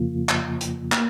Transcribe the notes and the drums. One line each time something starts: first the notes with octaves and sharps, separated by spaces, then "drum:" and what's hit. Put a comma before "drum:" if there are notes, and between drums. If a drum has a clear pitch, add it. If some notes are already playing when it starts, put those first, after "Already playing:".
Already playing: F2 C#3 F3 A#3 F4
drum: clap
drum: hi-hat
A#3, drum: clap